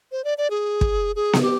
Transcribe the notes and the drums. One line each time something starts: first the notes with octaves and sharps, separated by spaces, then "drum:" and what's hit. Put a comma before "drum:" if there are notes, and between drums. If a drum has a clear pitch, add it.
C5
D5
D5
G#4
drum: kick
G#4
drum: snare B3
G4